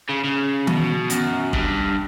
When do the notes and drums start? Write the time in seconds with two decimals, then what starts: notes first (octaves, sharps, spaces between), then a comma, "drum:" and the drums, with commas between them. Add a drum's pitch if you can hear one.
0.09 C#3
0.24 C#3
0.67 B2, drum: tom D#3
1.10 F#2, drum: hi-hat
1.53 G2, drum: kick